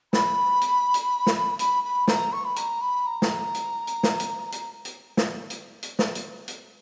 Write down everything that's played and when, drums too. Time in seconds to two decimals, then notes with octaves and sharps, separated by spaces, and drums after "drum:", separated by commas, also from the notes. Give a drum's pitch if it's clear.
0.13 B5, drum: snare
0.61 drum: hi-hat
0.94 drum: hi-hat
1.27 drum: snare
1.59 B5, drum: hi-hat
1.83 B5
2.08 A#5, drum: snare
2.32 C#6
2.44 B5
2.56 A#5, drum: hi-hat
2.81 B5
3.06 A#5
3.22 drum: snare
3.55 drum: hi-hat
3.87 drum: hi-hat
4.03 drum: snare
4.20 drum: hi-hat
4.52 drum: hi-hat
4.85 drum: hi-hat
5.17 drum: snare
5.50 drum: hi-hat
5.83 drum: hi-hat
5.99 drum: snare
6.15 drum: hi-hat
6.48 drum: hi-hat